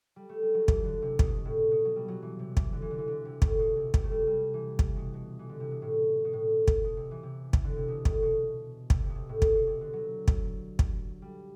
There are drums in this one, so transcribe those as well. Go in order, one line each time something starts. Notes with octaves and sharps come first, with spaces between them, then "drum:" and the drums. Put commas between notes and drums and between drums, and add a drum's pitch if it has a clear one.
G3
A3
G3
F#3
E3, drum: kick
D3
C3
B2, drum: kick
A2
B2
F#3
G3
F#3
E3
C3
E3, drum: kick
D3
E3
D3
E3
D3
C3
A2, drum: kick
B2
C3
C3, drum: kick
A3
G3
G3
E3
drum: kick
B2
B2
E3
D3
C3
B2
A2
B2
A2
drum: kick
B2
C3
E3
C3
drum: kick
D3
C3
B2
A2, drum: kick
B2
C3, drum: kick
C3
B2
C3
A2
B2, drum: kick
B2
C3
D3
F#3
drum: kick
drum: kick
G3